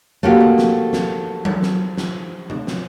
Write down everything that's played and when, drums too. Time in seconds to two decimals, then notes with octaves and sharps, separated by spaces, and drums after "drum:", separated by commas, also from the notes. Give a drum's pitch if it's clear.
0.23 A3 A#3 F#4 G4
0.41 drum: tom C3
0.58 drum: snare
0.93 drum: snare
1.45 drum: tom F#3
1.63 drum: snare
1.97 drum: snare
2.50 drum: tom C3
2.67 drum: snare